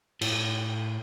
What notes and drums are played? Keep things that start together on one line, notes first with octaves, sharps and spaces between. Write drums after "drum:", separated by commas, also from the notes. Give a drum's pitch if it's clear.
A2, drum: cymbal